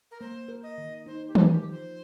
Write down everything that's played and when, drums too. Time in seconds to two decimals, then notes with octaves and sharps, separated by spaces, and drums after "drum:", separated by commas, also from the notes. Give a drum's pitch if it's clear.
0.11 A#4
0.20 A#3 C5
0.48 A#4
0.63 D#5
0.78 D#3
1.06 D#4 C5
1.28 G4
1.35 F3, drum: tom D#3
1.50 G4
1.65 F3
1.71 C5